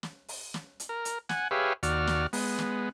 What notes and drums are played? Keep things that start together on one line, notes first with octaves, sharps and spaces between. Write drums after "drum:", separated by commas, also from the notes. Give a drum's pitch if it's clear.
drum: snare
drum: open hi-hat
drum: snare
drum: hi-hat
A#4
drum: hi-hat
F#5 G#5, drum: snare
G4 G#4 B4 C#5 E5 F5
D#2 F#4 D5 F6, drum: hi-hat
drum: snare
G#3 B3, drum: open hi-hat
drum: snare